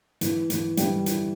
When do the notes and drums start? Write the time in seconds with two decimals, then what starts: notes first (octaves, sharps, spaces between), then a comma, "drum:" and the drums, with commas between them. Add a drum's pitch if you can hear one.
0.21 E3, drum: hi-hat
0.50 E3, drum: hi-hat
0.77 G3, drum: hi-hat
1.06 E4, drum: hi-hat